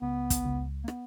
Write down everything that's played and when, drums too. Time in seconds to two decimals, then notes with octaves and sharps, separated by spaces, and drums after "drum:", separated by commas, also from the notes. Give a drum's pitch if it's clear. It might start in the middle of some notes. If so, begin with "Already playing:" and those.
0.01 C#2 B3
0.30 drum: kick, hi-hat
0.45 C#2
0.84 A#3
0.88 B3, drum: rim click